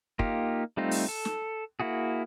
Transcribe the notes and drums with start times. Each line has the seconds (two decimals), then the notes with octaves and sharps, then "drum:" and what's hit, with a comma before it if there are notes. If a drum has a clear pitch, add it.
0.19 A#3 D#4 F4 G4, drum: kick
0.77 G3 A3 C4 D#4 F4
0.91 drum: open hi-hat
1.08 A4
1.25 drum: snare
1.80 A#3 E4 F#4 G#4